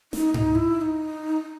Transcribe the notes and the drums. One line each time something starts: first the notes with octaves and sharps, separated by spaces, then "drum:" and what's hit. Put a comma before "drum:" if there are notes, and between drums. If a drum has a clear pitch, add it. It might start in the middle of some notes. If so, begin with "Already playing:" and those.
D#4, drum: snare
D#4, drum: tom G#2
E4
E4
D#4
D#4